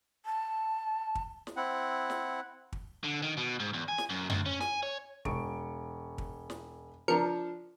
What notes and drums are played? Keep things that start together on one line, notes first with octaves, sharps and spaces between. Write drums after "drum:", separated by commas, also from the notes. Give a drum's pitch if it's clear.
A5
drum: kick
drum: snare
C4 E4 F#5
drum: snare
drum: kick
D3
D#3
B2
G#2
E2
G#5
drum: snare
F#2
D2, drum: tom F#2
C#4
G#5, drum: snare
C#5
E1 C#6 D7, drum: kick
drum: kick
drum: snare
F3 D4 A#4 C#7